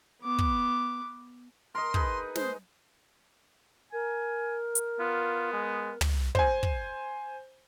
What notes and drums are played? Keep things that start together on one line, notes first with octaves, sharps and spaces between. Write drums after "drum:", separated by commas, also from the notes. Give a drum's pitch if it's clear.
B3 D6
drum: kick
A#4 D#5 C6
D#4 G#4 B4, drum: kick
G#3 C5, drum: snare
A#4 G#5
drum: hi-hat
B3 F4
G#3
drum: tom
C5 G#5, drum: kick
drum: kick